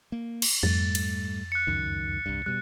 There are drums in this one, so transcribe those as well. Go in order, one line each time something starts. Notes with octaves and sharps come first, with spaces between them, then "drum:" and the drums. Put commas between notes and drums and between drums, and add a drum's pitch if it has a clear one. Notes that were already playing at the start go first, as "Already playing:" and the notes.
A#3
drum: cymbal
F2 G#2 G3 A3 A6
drum: cymbal
F#6 C#7
C#2 F#2 D#3
C2 G2
B2 G3 F#6